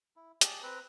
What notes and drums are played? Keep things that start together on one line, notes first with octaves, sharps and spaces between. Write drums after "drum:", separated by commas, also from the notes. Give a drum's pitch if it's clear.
E4
G4 G#4 A5, drum: hi-hat
C4 B4 A#5